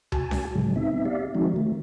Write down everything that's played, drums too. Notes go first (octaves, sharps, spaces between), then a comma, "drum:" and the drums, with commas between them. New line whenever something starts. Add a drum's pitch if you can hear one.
F#4 G#5 A5, drum: tom C#2
drum: snare C#4
A2 C#3 F#3 G#3
B3 C4 D#4 E5
G4 D5 E5 F5
D#3 F3 G#3 C4 D#4 F#4
D#3 A3